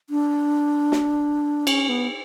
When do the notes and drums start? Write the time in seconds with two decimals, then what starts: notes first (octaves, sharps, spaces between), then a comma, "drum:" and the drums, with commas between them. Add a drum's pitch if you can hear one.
0.10 D4
0.92 drum: snare
1.67 C#4, drum: cymbal
1.89 B3